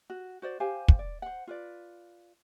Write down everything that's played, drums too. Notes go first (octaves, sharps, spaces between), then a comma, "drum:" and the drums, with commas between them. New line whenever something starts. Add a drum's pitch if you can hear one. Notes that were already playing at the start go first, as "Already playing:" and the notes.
F#4
F#4 C5 D5
G4 C5 F5 G#5
drum: kick
D5
C5 F#5
F4 B4 D5